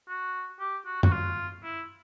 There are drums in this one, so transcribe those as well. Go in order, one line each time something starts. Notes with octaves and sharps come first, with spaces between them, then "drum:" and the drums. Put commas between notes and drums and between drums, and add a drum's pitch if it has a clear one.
F#4
G4
F#4
F#4, drum: tom
F4
E4